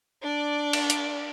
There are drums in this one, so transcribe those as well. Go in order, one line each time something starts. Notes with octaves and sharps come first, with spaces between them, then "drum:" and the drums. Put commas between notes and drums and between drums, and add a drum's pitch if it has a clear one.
D4 D5
drum: cymbal
drum: hi-hat